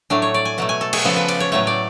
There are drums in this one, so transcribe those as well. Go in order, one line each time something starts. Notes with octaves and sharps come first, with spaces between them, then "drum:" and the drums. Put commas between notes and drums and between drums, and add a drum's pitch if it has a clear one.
A2 F#3 A3 D4
C#5
D5
G#5
B2 F#3 A3 F#5
G#5
A4
G#4, drum: cymbal
C#3 F3 B3 A4
B4
D5, drum: cymbal
C#5
A2 F#3 A3 C#5
D5